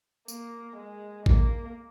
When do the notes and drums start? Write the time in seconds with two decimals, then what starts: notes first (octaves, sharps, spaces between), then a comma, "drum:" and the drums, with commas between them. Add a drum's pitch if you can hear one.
0.28 A#3, drum: tambourine
0.77 G#3
1.26 A#3, drum: kick A1